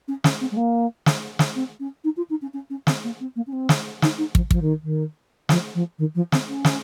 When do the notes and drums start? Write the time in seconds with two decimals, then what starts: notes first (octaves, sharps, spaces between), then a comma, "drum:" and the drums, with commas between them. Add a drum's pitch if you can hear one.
0.08 C#4
0.24 C#4, drum: snare
0.41 C4
0.51 G#3
0.57 A#3
1.06 drum: snare
1.39 drum: snare
1.55 C4
1.80 C#4
2.04 D#4
2.17 F4
2.30 D#4
2.42 C#4
2.54 C#4
2.70 C#4
2.87 C4, drum: snare
3.04 A#3
3.20 C4
3.36 A#3
3.47 C#4
3.53 C4
3.69 drum: snare
4.02 D#4, drum: snare
4.18 D#4
4.35 F3, drum: kick
4.51 F3, drum: kick
4.62 D#3
4.83 D#3
5.49 F3, drum: snare
5.75 F3
5.99 D#3
6.15 F3
6.32 C4, drum: snare
6.48 C#4
6.65 drum: snare